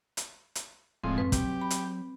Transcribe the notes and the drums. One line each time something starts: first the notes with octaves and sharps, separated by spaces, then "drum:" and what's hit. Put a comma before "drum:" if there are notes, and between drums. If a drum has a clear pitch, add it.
drum: hi-hat
drum: hi-hat
D1 A2 F3 G#3 C4
F#2 B4
F#3 G4, drum: kick, hi-hat
B5
drum: hi-hat